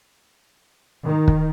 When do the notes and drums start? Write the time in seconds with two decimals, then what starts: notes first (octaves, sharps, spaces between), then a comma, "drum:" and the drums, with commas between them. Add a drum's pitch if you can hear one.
1.06 D#3
1.28 drum: kick